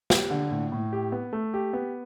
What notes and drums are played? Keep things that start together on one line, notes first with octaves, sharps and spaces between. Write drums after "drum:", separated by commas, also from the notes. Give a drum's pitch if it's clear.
G4, drum: snare
D3
A2
A2
G4
B3
A3
G4
B3